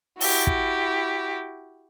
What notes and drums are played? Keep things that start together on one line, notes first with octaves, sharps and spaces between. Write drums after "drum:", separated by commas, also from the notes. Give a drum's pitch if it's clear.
E4 F#4 G4, drum: open hi-hat
drum: kick